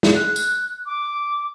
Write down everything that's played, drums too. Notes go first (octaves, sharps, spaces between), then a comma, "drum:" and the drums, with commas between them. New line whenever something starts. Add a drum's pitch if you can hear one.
drum: snare
F#6
drum: tambourine
D6